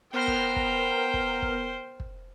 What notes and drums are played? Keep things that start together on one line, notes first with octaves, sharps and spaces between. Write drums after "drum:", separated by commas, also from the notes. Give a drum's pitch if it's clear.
B3 A#4 C5 G5 F6
drum: kick
drum: kick
drum: kick
drum: kick
drum: kick